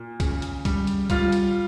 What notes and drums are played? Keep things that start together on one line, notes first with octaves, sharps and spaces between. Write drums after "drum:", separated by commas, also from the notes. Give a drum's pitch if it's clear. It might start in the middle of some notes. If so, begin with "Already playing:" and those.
Already playing: A#2
C#3, drum: kick, hi-hat
drum: hi-hat
G3, drum: kick, hi-hat
drum: hi-hat
G3 F4, drum: kick, hi-hat
drum: hi-hat